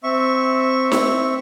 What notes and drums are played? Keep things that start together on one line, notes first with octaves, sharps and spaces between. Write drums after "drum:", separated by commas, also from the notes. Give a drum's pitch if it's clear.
C4 E5 C#6
drum: snare D#4